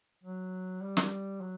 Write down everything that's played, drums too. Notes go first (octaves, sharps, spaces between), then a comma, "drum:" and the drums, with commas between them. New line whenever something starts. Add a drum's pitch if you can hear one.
F#3
G3
drum: snare
F#3